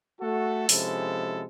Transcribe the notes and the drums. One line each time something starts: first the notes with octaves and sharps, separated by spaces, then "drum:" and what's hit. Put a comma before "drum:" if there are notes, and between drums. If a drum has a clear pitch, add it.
A3 F#4 A4
C3 F3 G#3 C#4 E4 A4, drum: open hi-hat